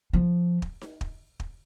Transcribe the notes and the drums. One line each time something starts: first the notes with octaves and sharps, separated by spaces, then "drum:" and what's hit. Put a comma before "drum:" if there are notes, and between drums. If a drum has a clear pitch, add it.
F3
drum: kick
drum: snare D#4
drum: kick
drum: kick